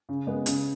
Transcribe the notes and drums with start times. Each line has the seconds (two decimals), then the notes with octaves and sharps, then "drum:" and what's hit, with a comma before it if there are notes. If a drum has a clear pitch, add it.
0.09 C#3
0.27 G#3 B3
0.46 C#3, drum: hi-hat